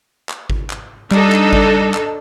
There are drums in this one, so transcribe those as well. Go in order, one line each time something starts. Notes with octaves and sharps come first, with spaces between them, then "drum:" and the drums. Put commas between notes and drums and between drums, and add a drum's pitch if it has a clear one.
drum: clap
drum: kick G#1
drum: clap
G3 D4 D#4 A4, drum: clap
drum: clap
drum: kick G#1
drum: clap